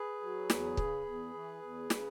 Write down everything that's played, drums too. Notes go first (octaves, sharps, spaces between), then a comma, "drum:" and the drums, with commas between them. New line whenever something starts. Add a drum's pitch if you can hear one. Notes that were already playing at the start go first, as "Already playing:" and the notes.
Already playing: G#4 B4
F#3
E2, drum: snare
C#3, drum: kick
E2
E3
E2
C#3, drum: snare